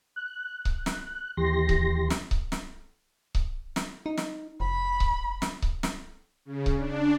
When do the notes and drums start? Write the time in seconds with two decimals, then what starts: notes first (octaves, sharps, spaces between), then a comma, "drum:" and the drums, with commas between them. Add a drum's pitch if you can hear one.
0.16 F#6
0.65 drum: kick C#1
0.86 drum: snare
1.37 D#2 E3 G4 C6 A#6
1.69 drum: kick C#1
2.10 drum: snare
2.31 drum: kick C#1
2.52 drum: snare
3.35 drum: kick C#1
3.76 drum: snare
4.06 D#4
4.17 drum: snare
4.60 F1 B5
5.00 drum: kick C#1
5.42 drum: snare
5.62 drum: kick C#1
5.83 drum: snare
6.45 C#3
6.66 drum: kick C#1
6.76 D4